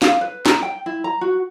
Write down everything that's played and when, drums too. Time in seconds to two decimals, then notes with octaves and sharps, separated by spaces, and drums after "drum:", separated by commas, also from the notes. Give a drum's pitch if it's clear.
0.02 F5, drum: snare
0.21 B4
0.46 A#5, drum: snare
0.62 G5
0.86 E4
1.04 A#5
1.21 F#4